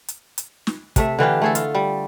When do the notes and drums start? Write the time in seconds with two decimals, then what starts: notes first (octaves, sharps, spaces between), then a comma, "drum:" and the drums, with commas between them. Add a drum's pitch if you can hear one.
0.08 drum: hi-hat
0.38 drum: hi-hat
0.67 drum: snare
0.96 C3 A3 E5, drum: kick, hi-hat
1.19 D3 E3 F4 G4
1.42 A3 G#4 A4
1.55 F4, drum: hi-hat
1.75 G3